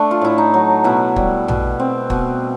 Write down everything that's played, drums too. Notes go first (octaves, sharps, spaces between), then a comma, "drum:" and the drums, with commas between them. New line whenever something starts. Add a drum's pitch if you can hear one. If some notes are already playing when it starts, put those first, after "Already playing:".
Already playing: A3 D4
F4
A2 E4
D#4
F#3
B2 E4
G3, drum: kick
B2, drum: tom A#1
C4
B2, drum: kick